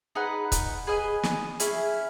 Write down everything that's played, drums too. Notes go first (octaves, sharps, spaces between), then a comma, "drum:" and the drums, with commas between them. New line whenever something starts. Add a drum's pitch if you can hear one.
D#4 G#4 B4 F#5
drum: kick C#1, hi-hat
G#4 B4 D#5 G#5
drum: snare
C#4 E4 G#4, drum: hi-hat